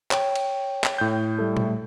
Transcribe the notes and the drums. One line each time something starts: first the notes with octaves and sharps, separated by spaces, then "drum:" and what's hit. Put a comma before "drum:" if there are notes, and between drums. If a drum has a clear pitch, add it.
C#5 G5, drum: clap
drum: cymbal
drum: clap
A2 G6
G3 A3 A4
drum: tom A#2